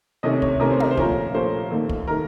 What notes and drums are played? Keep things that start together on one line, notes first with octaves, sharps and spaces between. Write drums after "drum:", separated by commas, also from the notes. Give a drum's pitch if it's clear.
C3 D#3 A3 C#4 D#5
C#5, drum: kick
C3 D#3 A3 C#4 A#4
C5
A#4, drum: tom
C5
A#2 F3 A3 C#4 A#4, drum: kick
A#2 F3 A3 C#4 C5
D#2 D#3 A3
drum: kick
D#3 A3 A#4